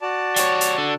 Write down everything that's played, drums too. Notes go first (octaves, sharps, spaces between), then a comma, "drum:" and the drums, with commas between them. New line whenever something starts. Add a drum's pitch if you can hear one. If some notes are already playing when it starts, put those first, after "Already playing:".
F#4 D5 A5
G3 C#5, drum: hi-hat
drum: hi-hat
D3